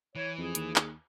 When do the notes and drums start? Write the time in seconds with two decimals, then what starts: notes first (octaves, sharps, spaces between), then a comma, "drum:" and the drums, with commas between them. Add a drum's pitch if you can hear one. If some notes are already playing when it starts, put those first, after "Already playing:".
0.15 E3 C#5
0.38 F2 G#4
0.55 D#2, drum: hi-hat
0.76 drum: clap